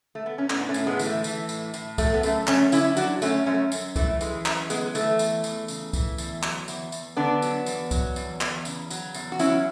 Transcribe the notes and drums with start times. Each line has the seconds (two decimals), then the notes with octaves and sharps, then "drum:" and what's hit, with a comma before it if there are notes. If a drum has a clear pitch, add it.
0.15 A3
0.26 B3
0.38 C#4
0.50 A2 B3 D4, drum: clap
0.69 A3 C#4
0.74 A2, drum: tambourine
0.87 G#3 B3
0.99 E3, drum: tambourine
1.06 A3
1.24 E3, drum: tambourine
1.49 A2, drum: tambourine
1.74 A2, drum: tambourine
1.98 F#3 A3, drum: kick C2, tambourine
2.14 B3
2.23 F#2 A3, drum: tambourine
2.47 F#2 A3 C#4, drum: clap
2.72 D3 C#4 E4, drum: tambourine
2.97 F#3 D4 F#4, drum: tambourine
3.22 F#2 A3 C#4, drum: tambourine
3.46 F#2 A3 C#4
3.72 F#2, drum: tambourine
3.96 E3 A3, drum: kick C2, tambourine
4.21 E3 G#3, drum: tambourine
4.46 F#2, drum: clap
4.70 F#2 G#3 B3, drum: tambourine
4.95 E3 A3, drum: tambourine
5.19 E2, drum: tambourine
5.44 E2, drum: tambourine
5.68 C#3, drum: tambourine
5.93 E3, drum: kick C2, tambourine
6.18 E2, drum: tambourine
6.43 F#3, drum: clap
6.68 E2, drum: tambourine
6.92 E2, drum: tambourine
7.17 D3 B3 D4
7.42 F#3, drum: tambourine
7.66 E2, drum: tambourine
7.91 F#3, drum: kick C2, tambourine
8.16 E2, drum: tambourine
8.41 E2, drum: clap
8.65 C#3, drum: tambourine
8.90 F#3, drum: tambourine
9.14 E2, drum: tambourine
9.32 F#4
9.39 F#3 C#4 E4, drum: tambourine